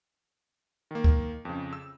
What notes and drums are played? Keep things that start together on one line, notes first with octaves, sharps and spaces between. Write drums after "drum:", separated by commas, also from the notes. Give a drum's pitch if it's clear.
D#3 A#3
drum: kick D2
F2 C#3
E6